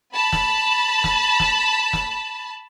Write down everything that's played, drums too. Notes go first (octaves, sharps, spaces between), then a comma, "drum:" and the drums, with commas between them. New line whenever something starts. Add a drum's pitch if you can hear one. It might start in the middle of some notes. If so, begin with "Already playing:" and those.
A5 B5
drum: snare
drum: snare
drum: snare
drum: snare